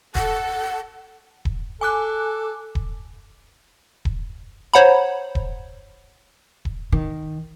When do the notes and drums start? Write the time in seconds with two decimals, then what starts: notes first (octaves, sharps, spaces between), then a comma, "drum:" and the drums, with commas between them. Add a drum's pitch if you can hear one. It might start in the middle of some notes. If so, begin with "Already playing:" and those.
0.15 A4 F#5, drum: kick D#1
1.45 drum: kick D#1
1.81 A4 G#5 D6 F#6
2.75 drum: kick D#1
4.05 drum: kick D#1
4.74 C5 C#5 F#5 A#5 B5
5.35 drum: kick D#1
6.65 drum: kick D#1
6.92 D#3